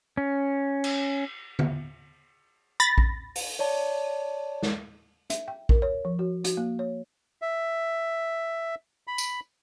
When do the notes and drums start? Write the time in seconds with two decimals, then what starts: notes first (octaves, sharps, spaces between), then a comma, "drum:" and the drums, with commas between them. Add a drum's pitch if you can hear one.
0.17 C#4
0.84 drum: cymbal
1.59 drum: tom D3
2.80 B5 A6 A#6
2.98 drum: kick A#1
3.35 drum: open hi-hat
3.59 C#5 D5 A5
4.63 drum: snare
5.30 E5, drum: hi-hat
5.48 G5
5.69 A#4, drum: kick A#1
5.82 C#5
6.05 F3
6.19 F#4
6.44 F#4, drum: hi-hat
6.57 A#3
6.79 C#5
7.42 E5
9.07 B5
9.18 drum: tambourine